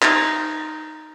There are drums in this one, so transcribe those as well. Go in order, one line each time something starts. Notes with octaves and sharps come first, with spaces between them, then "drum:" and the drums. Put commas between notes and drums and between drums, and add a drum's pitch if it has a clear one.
D#4, drum: clap